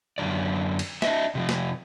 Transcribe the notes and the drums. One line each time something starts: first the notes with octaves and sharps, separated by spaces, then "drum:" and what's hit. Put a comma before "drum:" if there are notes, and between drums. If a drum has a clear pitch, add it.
F#2 D3 D#3 D5
drum: cymbal
D4 D#5 E5, drum: snare
C3 F3
drum: snare